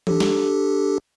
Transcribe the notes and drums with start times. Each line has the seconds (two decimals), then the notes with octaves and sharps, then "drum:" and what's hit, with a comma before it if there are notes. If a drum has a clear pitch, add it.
0.07 D4 G4 A4, drum: tom E3
0.20 drum: snare